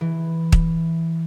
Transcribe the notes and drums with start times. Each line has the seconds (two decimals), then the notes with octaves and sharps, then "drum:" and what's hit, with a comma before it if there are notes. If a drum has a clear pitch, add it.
0.01 E3
0.52 drum: kick